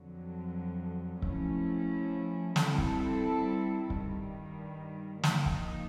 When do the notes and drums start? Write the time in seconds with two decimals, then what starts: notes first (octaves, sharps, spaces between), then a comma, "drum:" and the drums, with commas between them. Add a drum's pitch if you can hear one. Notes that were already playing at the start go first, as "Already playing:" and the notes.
Already playing: F2 D3 F#3
1.22 F3 A3 C#4 E4, drum: kick C#1
2.56 G3 C4 E4 A4, drum: snare
2.78 drum: kick C#1
3.90 G2 D#3 G3, drum: kick C#1
5.23 F3 A#3 D#4, drum: snare
5.46 drum: kick C#1